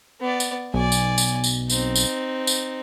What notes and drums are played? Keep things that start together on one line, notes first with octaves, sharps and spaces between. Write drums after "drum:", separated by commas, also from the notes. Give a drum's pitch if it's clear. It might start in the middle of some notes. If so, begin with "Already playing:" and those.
B3 D5
drum: tambourine
B1 D5 G#5
drum: tambourine
drum: tambourine
drum: tambourine
C4 D#4, drum: tambourine
drum: tambourine
drum: tambourine